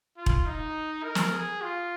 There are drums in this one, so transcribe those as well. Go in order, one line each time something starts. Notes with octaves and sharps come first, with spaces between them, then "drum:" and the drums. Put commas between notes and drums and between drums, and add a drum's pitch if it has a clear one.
F4
drum: kick E1
D#4
A#4
drum: snare
G#4
F4